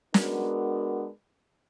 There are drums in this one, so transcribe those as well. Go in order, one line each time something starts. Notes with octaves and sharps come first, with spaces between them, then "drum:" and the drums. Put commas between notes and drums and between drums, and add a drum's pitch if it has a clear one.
G#3 B3 D4 F#4 A#4, drum: snare